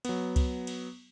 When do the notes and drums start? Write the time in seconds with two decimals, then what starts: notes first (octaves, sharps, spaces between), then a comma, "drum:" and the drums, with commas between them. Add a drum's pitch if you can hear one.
0.05 F#3 B3, drum: cymbal
0.36 drum: kick C2, cymbal
0.67 drum: cymbal